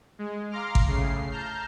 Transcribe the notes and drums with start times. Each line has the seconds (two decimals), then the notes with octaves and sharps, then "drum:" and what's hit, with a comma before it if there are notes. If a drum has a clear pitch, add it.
0.19 G#3
0.51 F5 A#5 C6 D6 F6
0.75 drum: kick G#1
0.86 A2 C#3 C7
1.31 A5 A#5 F6 G6